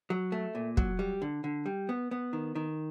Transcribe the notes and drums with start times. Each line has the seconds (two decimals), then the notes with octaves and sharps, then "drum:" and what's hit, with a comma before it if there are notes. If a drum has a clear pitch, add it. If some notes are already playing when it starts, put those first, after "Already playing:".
0.10 F#3
0.32 A3
0.55 A#2
0.77 F#3, drum: kick
0.99 G3
1.22 D3
1.44 D3
1.66 G3
1.89 B3
2.11 B3
2.33 D#3
2.55 D#3